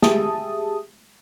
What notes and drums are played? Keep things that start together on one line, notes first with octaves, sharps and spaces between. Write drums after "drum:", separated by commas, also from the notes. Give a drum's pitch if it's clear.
G4 G#4 E5 A5 D#6, drum: snare